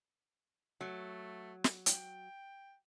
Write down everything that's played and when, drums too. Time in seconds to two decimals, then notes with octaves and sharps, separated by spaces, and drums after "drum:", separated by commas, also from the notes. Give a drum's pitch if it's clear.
0.81 F#3 A3
1.64 drum: snare
1.86 G5, drum: hi-hat